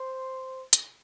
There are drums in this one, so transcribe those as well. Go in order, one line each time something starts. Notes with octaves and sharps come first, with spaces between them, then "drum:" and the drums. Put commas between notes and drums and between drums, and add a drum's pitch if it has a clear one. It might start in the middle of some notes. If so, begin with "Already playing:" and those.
Already playing: C5
drum: hi-hat